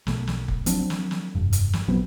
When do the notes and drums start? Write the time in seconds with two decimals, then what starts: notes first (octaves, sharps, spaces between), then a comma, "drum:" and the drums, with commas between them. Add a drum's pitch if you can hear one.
0.07 B1 A3, drum: snare
0.27 drum: snare
0.48 drum: kick
0.66 F3 F#3 C4 D4, drum: hi-hat
0.90 drum: snare
1.11 drum: snare
1.35 F1 G2
1.53 drum: hi-hat
1.73 drum: snare
1.88 A#1 F#3 B3 C4